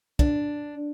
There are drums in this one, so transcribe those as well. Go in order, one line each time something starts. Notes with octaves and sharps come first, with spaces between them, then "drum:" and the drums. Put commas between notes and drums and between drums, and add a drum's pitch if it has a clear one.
D4, drum: kick